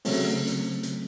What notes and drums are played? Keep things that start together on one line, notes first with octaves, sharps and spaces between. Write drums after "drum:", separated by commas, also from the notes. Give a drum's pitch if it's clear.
C#3 F#3 A3 C4, drum: open hi-hat
drum: hi-hat
drum: hi-hat